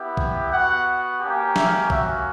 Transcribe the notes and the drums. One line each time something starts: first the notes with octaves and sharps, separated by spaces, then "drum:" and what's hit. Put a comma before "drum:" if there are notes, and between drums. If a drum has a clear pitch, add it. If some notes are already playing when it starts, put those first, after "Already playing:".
Already playing: B3 E4 G4
drum: kick
B3 F#4 F#5
A#3 C#4 G4
E5, drum: snare
A#3 C#4 F#4 E5, drum: kick